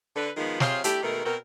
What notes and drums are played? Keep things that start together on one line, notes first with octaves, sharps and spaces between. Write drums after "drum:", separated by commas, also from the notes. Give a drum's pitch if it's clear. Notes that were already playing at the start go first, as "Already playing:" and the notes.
D3 B4
D#3 F3 G#3 B3 F4
C3 F4 G#4 C5 C#5 F5, drum: snare
A3 D4 E4 G4, drum: hi-hat
B2 D#3 G#3 A3 A#4
B2 C4 F#4 A#4